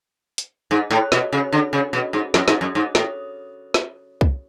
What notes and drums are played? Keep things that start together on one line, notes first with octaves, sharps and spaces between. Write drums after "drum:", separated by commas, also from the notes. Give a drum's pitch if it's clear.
drum: hi-hat
G#2
A2
B2, drum: snare
C#3
D3
C#3
B2
G#2
F#2, drum: snare
G#2, drum: snare
F#2
G#2
A2, drum: snare
drum: snare
drum: kick